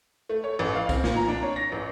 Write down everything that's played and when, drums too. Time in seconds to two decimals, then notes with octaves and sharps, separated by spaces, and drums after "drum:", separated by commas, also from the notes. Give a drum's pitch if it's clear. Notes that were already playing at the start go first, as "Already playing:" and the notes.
0.29 A3
0.44 C#5
0.59 A1
0.75 F5
0.89 C4, drum: kick B1, tambourine
1.04 A#2, drum: snare
1.16 A#5
1.28 D4
1.43 C#5
1.56 A#6
1.72 A1